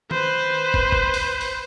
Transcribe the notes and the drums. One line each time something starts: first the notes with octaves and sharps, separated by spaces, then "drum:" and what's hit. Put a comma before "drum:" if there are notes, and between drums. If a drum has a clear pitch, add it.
B4 C5, drum: tom D#3
drum: kick
drum: kick
drum: open hi-hat
drum: open hi-hat